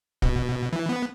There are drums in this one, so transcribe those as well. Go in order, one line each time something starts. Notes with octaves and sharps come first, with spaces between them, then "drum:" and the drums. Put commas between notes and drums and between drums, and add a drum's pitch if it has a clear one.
B2, drum: kick
E3
B3